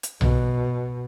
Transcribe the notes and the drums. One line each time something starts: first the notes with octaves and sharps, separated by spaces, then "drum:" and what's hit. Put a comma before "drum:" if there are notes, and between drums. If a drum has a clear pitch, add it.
drum: hi-hat
B2, drum: tom B1